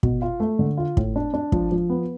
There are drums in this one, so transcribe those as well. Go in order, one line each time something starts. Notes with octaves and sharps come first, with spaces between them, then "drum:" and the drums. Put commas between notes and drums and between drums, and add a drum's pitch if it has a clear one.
B2, drum: kick
F4
A3
D3
F4
A2, drum: kick
D4
D4
F3, drum: kick
F3
B3